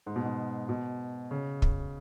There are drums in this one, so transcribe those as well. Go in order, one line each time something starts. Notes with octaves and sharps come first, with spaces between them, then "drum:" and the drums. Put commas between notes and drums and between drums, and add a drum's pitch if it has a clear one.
G#2
B2
G#2
B2
C#3
drum: kick